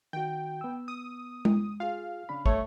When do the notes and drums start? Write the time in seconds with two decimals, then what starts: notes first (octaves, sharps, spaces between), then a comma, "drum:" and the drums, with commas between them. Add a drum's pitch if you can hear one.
0.13 D#3 F#4 G5
0.61 B3 E6
0.88 D#6
1.45 drum: tom G#3
1.80 F4 G#4 F5
2.29 C#3 D4 B5
2.46 G2 A3 C#5, drum: kick